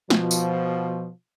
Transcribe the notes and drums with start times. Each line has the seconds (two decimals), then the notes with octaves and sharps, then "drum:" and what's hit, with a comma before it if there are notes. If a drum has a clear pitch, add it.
0.10 B2 F3, drum: snare
0.31 drum: tambourine